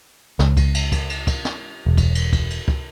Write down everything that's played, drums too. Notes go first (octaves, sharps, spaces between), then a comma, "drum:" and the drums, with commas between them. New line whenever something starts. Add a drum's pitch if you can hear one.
C#2, drum: snare
drum: kick C#2, cymbal
drum: cymbal
drum: kick C#2, cymbal
drum: cymbal
drum: kick C#2, cymbal
drum: snare
E1
drum: kick C#2, cymbal
drum: cymbal
drum: kick C#2, cymbal
drum: cymbal
drum: kick C#2